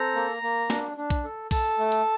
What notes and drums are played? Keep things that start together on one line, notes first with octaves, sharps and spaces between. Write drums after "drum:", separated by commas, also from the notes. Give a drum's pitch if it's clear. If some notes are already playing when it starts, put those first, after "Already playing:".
Already playing: C4 A4 A#5
A#3
A#3
D4, drum: snare
D4
drum: kick B1, hi-hat
A4
A4 A5, drum: kick B1, open hi-hat
A3
drum: hi-hat